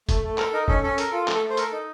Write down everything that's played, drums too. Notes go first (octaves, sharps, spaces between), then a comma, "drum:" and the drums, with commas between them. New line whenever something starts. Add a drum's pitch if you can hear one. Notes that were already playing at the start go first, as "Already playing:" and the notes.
A3, drum: kick, hi-hat
A3
A4 A#4, drum: clap
D#4 A#4
C#4 A4, drum: kick
C#4 A4
A4 A#4, drum: hi-hat
F4 A4
A3, drum: clap
A4
A3
C5
A4 A#4, drum: hi-hat
D#4